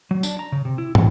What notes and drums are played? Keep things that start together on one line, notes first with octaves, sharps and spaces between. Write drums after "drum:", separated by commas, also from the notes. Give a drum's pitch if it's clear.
F#3
D4, drum: tambourine
A#5
C#3
C3
E4
E3, drum: tom